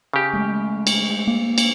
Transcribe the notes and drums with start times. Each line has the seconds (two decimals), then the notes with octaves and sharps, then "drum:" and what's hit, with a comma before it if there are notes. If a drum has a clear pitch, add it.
0.14 C#3 G4
0.33 G#3 A3
0.87 drum: cymbal
1.27 A#3
1.58 drum: cymbal